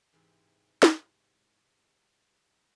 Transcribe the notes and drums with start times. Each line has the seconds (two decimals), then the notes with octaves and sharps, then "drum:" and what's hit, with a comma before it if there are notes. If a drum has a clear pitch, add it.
0.13 G#2 C3 E3 G4
0.83 drum: snare